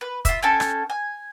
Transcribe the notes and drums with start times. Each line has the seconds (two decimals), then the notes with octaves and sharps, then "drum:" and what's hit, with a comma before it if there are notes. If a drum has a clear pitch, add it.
0.01 B4
0.25 F4 E5, drum: kick, hi-hat
0.43 C#4 A4 G5 G#5
0.60 drum: rim click
0.90 G#5